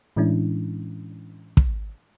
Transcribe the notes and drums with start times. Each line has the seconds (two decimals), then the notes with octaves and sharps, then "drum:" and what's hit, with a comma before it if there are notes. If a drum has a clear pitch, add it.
0.16 A2 E3 G#3 C#4 D4 E4
1.57 drum: kick